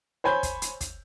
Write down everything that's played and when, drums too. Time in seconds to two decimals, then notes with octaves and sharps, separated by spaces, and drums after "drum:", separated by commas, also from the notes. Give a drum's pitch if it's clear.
0.24 C5 C#5 G#5 B5 G6
0.43 drum: kick, hi-hat
0.62 drum: hi-hat
0.81 drum: kick, hi-hat